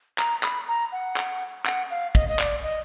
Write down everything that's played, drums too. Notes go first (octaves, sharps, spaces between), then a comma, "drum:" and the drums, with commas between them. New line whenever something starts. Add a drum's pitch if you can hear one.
A#5, drum: clap
B5, drum: clap
A#5
F#5
drum: clap
F#5, drum: clap
F5
D#5, drum: kick
D#5
D5, drum: clap
D#5